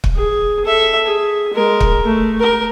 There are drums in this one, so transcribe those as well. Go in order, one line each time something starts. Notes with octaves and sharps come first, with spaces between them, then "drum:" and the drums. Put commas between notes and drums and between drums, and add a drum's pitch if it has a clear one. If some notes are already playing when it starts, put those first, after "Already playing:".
drum: kick
G#4
A4 E5
G#4
G#3 A#4
drum: kick
A3
A#4